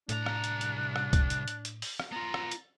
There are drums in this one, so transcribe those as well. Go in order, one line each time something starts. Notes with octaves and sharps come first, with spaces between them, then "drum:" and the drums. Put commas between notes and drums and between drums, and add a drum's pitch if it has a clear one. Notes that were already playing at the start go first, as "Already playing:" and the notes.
C2 A2 D4 A#5, drum: hi-hat
drum: rim click
drum: hi-hat
drum: hi-hat
drum: rim click
drum: kick, hi-hat
drum: hi-hat
drum: hi-hat
drum: hi-hat
drum: open hi-hat
drum: rim click
B3 F4 A#5
drum: rim click
drum: hi-hat